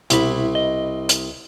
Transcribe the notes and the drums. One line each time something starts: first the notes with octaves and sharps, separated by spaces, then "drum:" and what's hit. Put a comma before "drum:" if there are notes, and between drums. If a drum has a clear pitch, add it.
C2 B2 E4, drum: hi-hat
D#5
drum: hi-hat